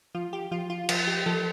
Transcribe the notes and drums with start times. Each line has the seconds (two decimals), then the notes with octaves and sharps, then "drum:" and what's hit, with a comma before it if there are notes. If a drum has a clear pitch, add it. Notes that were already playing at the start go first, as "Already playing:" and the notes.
0.15 F3 F4
0.33 G4
0.51 F3 F4
0.70 F4
0.89 F3 F4, drum: cymbal
1.07 G4
1.26 F3 A4